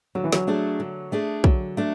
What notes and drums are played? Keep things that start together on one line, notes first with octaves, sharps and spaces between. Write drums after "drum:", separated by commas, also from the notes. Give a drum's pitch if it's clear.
D3 F#3
E3
F#3, drum: snare
A3 D4 G#4
D3
A3 D4 G#4
D3 F#3, drum: kick
A3 D4